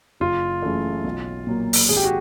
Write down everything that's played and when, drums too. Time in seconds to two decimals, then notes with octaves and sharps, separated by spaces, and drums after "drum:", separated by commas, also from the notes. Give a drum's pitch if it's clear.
0.20 F#1 F4
0.62 F#2 C#3 E3 A3
1.04 B1
1.47 A#2 F#3 A#3
1.73 drum: open hi-hat
1.89 G#1 G#4
1.97 G4
2.04 F#4